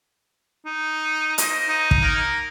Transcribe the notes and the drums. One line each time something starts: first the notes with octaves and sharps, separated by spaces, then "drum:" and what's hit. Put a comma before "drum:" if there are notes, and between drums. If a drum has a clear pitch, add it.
D#4
A#3 C5 D#5, drum: hi-hat
D#4
drum: kick
A#3 A#4